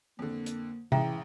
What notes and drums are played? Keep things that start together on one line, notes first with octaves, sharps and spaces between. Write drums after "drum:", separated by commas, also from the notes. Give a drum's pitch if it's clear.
F2 D3 A#3
drum: hi-hat
A1 C#3 E3 G#3 E5 G5 A#5, drum: tom C3